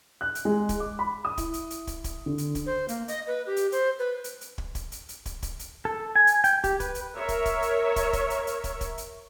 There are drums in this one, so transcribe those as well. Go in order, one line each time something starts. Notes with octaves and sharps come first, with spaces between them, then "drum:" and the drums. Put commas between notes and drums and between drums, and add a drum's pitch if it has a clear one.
F#6
drum: hi-hat
G#3
drum: kick, hi-hat
D6
B5
D#6
E4, drum: kick, hi-hat
drum: hi-hat
drum: hi-hat
drum: kick, hi-hat
drum: kick, hi-hat
D3
drum: hi-hat
drum: kick, hi-hat
C5
A#3, drum: hi-hat
D#5, drum: hi-hat
B4
G4
drum: hi-hat
C5, drum: hi-hat
B4
drum: hi-hat
drum: hi-hat
drum: kick
drum: kick, hi-hat
drum: hi-hat
drum: hi-hat
drum: kick, hi-hat
drum: kick, hi-hat
drum: hi-hat
A4
G#5
drum: hi-hat
G5, drum: hi-hat
G4, drum: kick, hi-hat
B4, drum: kick, hi-hat
drum: hi-hat
A#4 C#5 E5
drum: kick, hi-hat
drum: kick, hi-hat
drum: hi-hat
drum: kick, hi-hat
drum: kick, hi-hat
drum: hi-hat
drum: hi-hat
drum: kick, hi-hat
drum: kick, hi-hat
drum: hi-hat